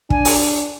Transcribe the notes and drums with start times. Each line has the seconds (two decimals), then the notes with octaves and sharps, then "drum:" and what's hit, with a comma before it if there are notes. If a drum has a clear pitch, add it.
0.10 D4 G#5, drum: kick
0.25 drum: open hi-hat